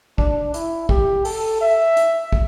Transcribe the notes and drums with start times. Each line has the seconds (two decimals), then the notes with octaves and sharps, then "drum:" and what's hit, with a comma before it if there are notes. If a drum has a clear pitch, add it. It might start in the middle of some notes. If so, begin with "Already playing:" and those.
0.18 D4, drum: kick
0.54 E4, drum: hi-hat
0.89 G4, drum: kick
1.25 A4, drum: open hi-hat
1.61 E5
1.97 drum: hi-hat
2.32 drum: kick